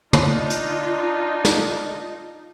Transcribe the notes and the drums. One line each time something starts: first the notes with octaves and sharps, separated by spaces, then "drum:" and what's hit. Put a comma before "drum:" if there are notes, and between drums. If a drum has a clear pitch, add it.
D4 D#4 F4, drum: tom
drum: hi-hat
drum: snare